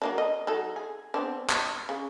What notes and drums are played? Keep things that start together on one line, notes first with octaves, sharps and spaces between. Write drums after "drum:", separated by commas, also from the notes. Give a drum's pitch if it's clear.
F#3 A#3 D4
D#5
F#3 D#4 A4
G#4
B3 C4 D4
drum: clap
C#3